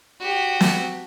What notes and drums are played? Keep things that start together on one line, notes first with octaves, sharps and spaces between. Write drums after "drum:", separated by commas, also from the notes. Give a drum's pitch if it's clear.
F#4 G4
drum: snare